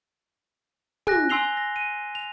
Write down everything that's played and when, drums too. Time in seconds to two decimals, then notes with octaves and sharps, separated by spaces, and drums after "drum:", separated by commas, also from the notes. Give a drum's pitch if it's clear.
1.07 G#5 F#6 A#6, drum: tom
1.30 G#5 C6 E6 C7 F7 G7
1.57 A#6
1.76 D#7
2.15 F7